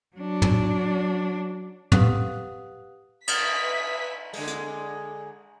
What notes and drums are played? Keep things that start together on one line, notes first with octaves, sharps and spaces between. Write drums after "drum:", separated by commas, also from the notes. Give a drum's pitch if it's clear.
F#3 D4
drum: tom
G4 B4 F5 F#5 D#6 F#6, drum: tom
B4 E5 G#5 D#6 F6 B6, drum: cymbal
D3 G#3, drum: open hi-hat
drum: hi-hat